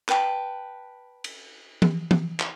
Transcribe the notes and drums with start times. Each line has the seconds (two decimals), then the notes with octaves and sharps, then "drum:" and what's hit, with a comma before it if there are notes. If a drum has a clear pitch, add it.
0.09 B4 G5 A5, drum: clap
1.24 drum: cymbal
1.82 drum: tom E3
2.11 drum: tom E3
2.40 drum: clap